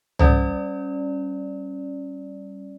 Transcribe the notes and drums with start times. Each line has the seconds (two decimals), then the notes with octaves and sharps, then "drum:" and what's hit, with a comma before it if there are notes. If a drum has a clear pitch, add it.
0.19 G3 C#4 D5, drum: tom